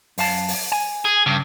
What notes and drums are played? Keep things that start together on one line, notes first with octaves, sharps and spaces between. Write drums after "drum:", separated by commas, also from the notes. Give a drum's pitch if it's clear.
F#2 F5 A5, drum: open hi-hat
drum: open hi-hat
G#5
G#4
G2 C#3